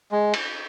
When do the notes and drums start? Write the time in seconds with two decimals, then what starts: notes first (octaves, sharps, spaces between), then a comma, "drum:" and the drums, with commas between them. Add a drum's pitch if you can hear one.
0.12 G#3
0.34 drum: cymbal